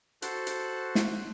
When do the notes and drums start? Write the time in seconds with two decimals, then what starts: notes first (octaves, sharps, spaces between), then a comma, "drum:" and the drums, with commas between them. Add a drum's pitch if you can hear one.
0.22 F#4 A4 C5 F#6, drum: hi-hat
0.47 drum: hi-hat
0.95 drum: snare